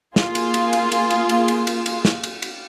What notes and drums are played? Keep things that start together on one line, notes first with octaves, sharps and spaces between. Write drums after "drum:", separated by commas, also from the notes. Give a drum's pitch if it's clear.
A#3 F4 G#4, drum: snare
drum: cymbal
drum: cymbal
drum: cymbal
drum: cymbal
drum: cymbal
drum: cymbal
drum: cymbal
drum: cymbal
drum: cymbal
drum: snare
drum: cymbal
drum: cymbal